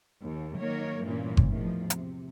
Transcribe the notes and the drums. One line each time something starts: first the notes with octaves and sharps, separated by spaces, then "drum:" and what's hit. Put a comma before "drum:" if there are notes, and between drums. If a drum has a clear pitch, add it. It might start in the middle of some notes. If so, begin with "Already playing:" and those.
D#2
D#3 F#3 A#3 A#4 C#5
G2 A#2 E3 A#3 C#4
drum: kick G1
E2 A2 D#3 F3
C3, drum: hi-hat